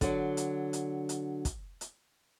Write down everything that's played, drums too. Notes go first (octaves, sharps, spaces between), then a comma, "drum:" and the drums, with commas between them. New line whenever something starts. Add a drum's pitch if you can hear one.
D3 F#3, drum: kick, hi-hat
drum: hi-hat
drum: hi-hat
drum: hi-hat
drum: kick, hi-hat
drum: hi-hat